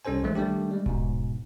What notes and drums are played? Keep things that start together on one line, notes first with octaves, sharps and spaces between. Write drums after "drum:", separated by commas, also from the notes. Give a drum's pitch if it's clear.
C2 C#4 A4 C5 G#5
A#1 E3 G#3 A3
D#3 G3 A3 D4 G4
G3 G#3
G#2 B2, drum: kick D#1